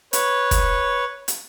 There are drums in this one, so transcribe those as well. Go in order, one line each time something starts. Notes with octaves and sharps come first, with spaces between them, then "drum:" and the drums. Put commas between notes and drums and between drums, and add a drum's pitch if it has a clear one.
B4 C#5, drum: hi-hat
drum: kick, hi-hat
drum: hi-hat